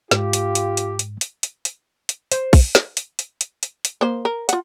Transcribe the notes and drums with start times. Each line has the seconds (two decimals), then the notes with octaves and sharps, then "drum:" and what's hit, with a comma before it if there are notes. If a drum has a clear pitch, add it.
0.11 G#2 F4 G4, drum: snare
0.33 drum: hi-hat
0.55 drum: hi-hat
0.77 drum: hi-hat
0.99 drum: hi-hat
1.21 drum: hi-hat
1.43 drum: hi-hat
1.65 drum: hi-hat
2.09 drum: hi-hat
2.32 C5, drum: hi-hat
2.53 drum: kick, open hi-hat
2.75 drum: snare
2.97 drum: hi-hat
3.19 drum: hi-hat
3.41 drum: hi-hat
3.63 drum: hi-hat
3.85 drum: hi-hat
4.01 A#3 C5
4.25 A#4
4.49 F4 F#5, drum: hi-hat